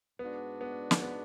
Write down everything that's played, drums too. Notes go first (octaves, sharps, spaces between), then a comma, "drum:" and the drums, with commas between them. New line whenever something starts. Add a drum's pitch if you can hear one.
G#2 G#3 B3 D4 F#4
B3
drum: snare
B3